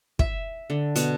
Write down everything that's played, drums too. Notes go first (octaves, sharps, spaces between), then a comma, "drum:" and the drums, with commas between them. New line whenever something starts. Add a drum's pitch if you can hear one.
E5, drum: kick
D3
B2, drum: hi-hat